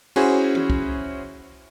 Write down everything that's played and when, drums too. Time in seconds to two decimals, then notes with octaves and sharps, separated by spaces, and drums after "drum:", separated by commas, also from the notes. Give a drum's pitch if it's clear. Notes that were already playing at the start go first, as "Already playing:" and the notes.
0.16 C#4 E4 F#4 G#4 C5, drum: cymbal
0.55 drum: tom
0.70 drum: kick